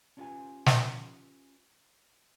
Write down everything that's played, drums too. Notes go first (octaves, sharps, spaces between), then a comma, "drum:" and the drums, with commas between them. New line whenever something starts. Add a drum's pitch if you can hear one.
C#4 D4 F4 G4 B4 G#5
drum: snare